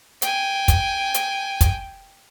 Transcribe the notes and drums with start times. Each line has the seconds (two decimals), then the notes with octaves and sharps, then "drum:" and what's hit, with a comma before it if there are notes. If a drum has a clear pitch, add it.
0.22 G5 G#5, drum: hi-hat
0.68 drum: kick, hi-hat
1.14 drum: hi-hat
1.61 drum: kick, hi-hat